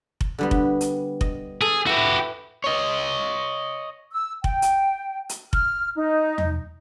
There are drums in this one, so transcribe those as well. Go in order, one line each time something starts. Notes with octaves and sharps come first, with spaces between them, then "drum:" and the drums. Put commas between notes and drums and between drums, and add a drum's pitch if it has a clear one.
drum: kick F1
D3 G3 B3
drum: kick F1
drum: hi-hat
D#5, drum: kick F1
G#4 A4
E4 F#4 G4 B4
C#5 D#5
E6
G5, drum: kick F1
drum: hi-hat
drum: hi-hat
F6, drum: kick F1
D#4
drum: tom E2